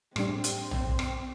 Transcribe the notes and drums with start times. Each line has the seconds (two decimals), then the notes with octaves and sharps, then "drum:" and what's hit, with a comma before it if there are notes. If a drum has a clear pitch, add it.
0.16 A2 G3 C4 D4 G4, drum: rim click
0.44 drum: hi-hat
0.71 drum: tom
0.99 drum: rim click